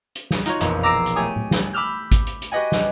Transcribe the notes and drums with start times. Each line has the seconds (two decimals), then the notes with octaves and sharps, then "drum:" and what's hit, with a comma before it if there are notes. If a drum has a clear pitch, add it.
0.16 drum: hi-hat
0.31 drum: snare
0.46 D#4 F4 F#4 C#5, drum: hi-hat
0.61 E1 A#1 F2, drum: hi-hat
0.83 A#5 D6 E6 A#6 C7 D7
1.06 drum: hi-hat
1.16 A3 G4 C#5 G#5 D#6
1.36 drum: tom A2
1.51 drum: snare
1.73 B5 D6 E6 F6 G6
2.12 drum: kick G#1, hi-hat
2.27 drum: hi-hat
2.42 drum: hi-hat
2.52 F#4 G4 B4 D#5 F#5 G#5
2.72 drum: snare